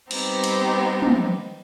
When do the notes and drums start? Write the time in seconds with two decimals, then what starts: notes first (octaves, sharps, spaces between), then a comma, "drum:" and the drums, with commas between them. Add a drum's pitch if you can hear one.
0.11 G3 B3 C4 D#4 G4, drum: cymbal
0.44 drum: cymbal
1.02 drum: tom